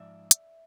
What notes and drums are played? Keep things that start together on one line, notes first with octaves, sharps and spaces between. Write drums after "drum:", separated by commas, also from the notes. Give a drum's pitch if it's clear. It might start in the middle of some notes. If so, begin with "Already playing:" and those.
Already playing: G#2 F3 D5 E5
drum: hi-hat